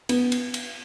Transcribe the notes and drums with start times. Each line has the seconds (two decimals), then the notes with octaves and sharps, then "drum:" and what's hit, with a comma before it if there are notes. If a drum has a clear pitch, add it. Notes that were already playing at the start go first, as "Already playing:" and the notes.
0.09 B3, drum: cymbal
0.32 drum: cymbal
0.54 drum: cymbal